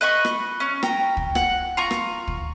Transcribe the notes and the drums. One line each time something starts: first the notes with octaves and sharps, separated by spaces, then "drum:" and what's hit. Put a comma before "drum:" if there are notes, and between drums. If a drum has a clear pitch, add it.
B4 D#5 B5 C#6
drum: rim click
C#4
G5 A#5, drum: rim click
drum: kick
F#5, drum: rim click
F4 A#5 C#6
drum: rim click
drum: kick